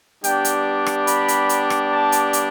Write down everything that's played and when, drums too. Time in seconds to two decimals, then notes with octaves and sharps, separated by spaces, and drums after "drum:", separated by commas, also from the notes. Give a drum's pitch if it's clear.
0.24 G3 B3 D4 G4 G5, drum: hi-hat
0.45 drum: hi-hat
0.86 drum: rim click
1.07 B5, drum: hi-hat
1.28 drum: hi-hat
1.49 drum: hi-hat
1.70 drum: rim click
1.91 A5
2.12 drum: hi-hat
2.33 drum: hi-hat